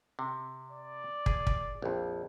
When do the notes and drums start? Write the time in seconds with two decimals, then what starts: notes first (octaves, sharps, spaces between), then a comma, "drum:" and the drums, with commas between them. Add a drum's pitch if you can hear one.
0.19 C3
0.71 D5
1.26 G#4, drum: kick
1.47 drum: kick
1.82 A#1 F2